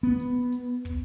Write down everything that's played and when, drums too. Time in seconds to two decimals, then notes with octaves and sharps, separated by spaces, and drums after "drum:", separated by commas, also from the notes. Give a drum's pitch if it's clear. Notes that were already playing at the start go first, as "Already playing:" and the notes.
0.03 B3
0.20 drum: hi-hat
0.52 drum: hi-hat
0.85 drum: kick, hi-hat